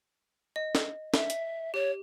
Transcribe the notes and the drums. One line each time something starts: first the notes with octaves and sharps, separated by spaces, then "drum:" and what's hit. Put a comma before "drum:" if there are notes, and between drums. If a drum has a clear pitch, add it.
D#5
drum: snare
E5, drum: snare
drum: hi-hat
G4 C#5